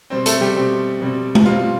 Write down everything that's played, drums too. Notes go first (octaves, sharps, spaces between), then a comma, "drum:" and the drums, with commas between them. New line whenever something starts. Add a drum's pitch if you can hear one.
B2 G3 C4 C5
A3 A4, drum: hi-hat
G3 G4
B2 G3 C4
B2 G3 C4
drum: tom G#3
B2 G3 C4 F4